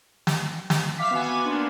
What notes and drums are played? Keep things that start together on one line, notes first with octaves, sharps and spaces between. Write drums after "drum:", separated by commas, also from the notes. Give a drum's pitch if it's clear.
drum: snare
drum: snare
E5 F5 D6 B6
B3 F#4 G#5
A#3 B3 D4 C6